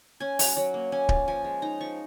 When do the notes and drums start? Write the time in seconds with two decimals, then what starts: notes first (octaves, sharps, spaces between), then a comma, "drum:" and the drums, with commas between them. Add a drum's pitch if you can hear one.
0.20 C#4 G#5
0.39 F#3, drum: open hi-hat
0.57 F#3
0.74 A#3
0.92 C#4 G#5
1.09 F4, drum: kick D1
1.28 F3 G#5
1.44 G#3
1.62 D#4 A#5
1.81 F3 C#6